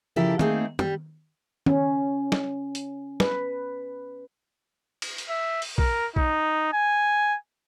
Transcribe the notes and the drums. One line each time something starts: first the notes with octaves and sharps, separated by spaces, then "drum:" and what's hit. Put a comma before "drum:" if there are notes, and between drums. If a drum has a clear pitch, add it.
C#3 F3 E4 G4 A4 A#4
A3 A#3 C4 D#4 G#4, drum: tom
G3, drum: tom
C#4, drum: tom
drum: snare
drum: hi-hat
B4, drum: snare
drum: cymbal
drum: hi-hat
E5
drum: open hi-hat
A#4, drum: kick
D#4, drum: kick
G#5